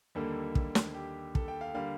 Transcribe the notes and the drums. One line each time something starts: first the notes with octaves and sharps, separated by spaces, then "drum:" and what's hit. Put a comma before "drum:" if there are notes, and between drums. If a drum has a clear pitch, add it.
D#2 D3 G3 A#3 A4
drum: kick
drum: snare
G4
A4, drum: kick
G5
F5
D3 G3 A#3 F5